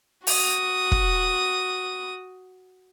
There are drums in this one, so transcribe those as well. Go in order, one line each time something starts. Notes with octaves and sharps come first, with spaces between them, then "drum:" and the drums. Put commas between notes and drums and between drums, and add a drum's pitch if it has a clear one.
F#4 D#6, drum: open hi-hat
drum: kick